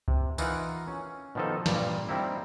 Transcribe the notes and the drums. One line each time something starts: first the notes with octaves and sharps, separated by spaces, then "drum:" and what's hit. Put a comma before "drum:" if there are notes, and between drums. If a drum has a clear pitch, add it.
C3, drum: kick
E3 D#4 F4 A#4 F#5, drum: tambourine
C#4
B2 D#3 F3 D#4 A4
G2 A#2 G3 A#3, drum: snare
G3 A#3 C4 D#4 E4